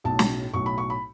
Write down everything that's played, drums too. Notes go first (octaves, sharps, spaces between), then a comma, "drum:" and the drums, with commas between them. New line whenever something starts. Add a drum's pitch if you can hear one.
B1 A2 F#3 A5
drum: snare
B1 A2 F#3 C#6
B5
C#6
B5